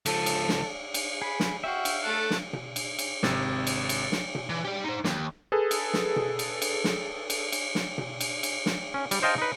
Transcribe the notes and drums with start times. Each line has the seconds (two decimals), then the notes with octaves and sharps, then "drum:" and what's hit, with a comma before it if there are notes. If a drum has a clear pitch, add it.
0.06 C#2 F3 A4, drum: cymbal
0.26 drum: cymbal
0.49 drum: snare
0.94 drum: cymbal
1.22 G#4 B5
1.40 drum: snare
1.64 F#4 E5 F5 G5
1.85 drum: cymbal
2.03 A3 A4 F#6
2.31 drum: snare
2.53 drum: tom B2
2.76 drum: cymbal
2.99 drum: cymbal
3.23 G#1 C3 A6, drum: snare
3.67 drum: cymbal
3.89 drum: cymbal
4.12 drum: snare
4.35 drum: tom B2
4.50 E3
4.65 G4 D5
4.84 D#4 C5
5.04 D#2, drum: snare
5.52 G#4 A4 B4
5.71 drum: cymbal
5.94 drum: snare
6.16 drum: tom B2
6.39 drum: cymbal
6.62 drum: cymbal
6.84 drum: snare
7.30 drum: cymbal
7.52 drum: cymbal
7.75 drum: snare
7.98 drum: tom B2
8.20 drum: cymbal
8.43 drum: cymbal
8.66 drum: snare
8.94 C#4
9.11 G3, drum: cymbal
9.23 C5 D#5 F5 G5 A5
9.38 D#4 B4